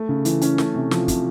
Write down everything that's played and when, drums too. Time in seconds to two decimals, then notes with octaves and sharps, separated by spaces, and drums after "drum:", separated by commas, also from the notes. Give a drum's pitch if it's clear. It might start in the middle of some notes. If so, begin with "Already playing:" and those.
Already playing: A3
0.09 C#3
0.25 E3, drum: hi-hat
0.41 C#4, drum: hi-hat
0.58 A3, drum: snare
0.75 C3
0.91 F3, drum: snare
1.08 C3, drum: kick, hi-hat